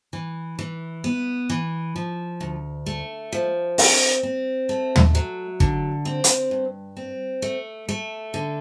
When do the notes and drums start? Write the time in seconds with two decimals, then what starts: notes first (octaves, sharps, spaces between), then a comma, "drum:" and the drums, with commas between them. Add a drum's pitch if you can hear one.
0.13 E3
0.59 E3
1.04 B3
1.50 E3
1.96 F3
2.41 D2
2.86 A3
3.32 F3
3.78 C4, drum: open hi-hat
4.23 C4
4.69 A3
4.96 drum: tom
5.15 F#3
5.60 D3, drum: kick
6.05 C4
6.24 drum: hi-hat
6.51 G2
6.97 C4
7.42 A3
7.89 A3
8.34 D3